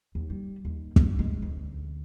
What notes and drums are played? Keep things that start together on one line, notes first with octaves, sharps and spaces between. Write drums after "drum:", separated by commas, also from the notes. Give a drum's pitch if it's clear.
D#2
G3
D#2
F#3, drum: kick
G#3
D2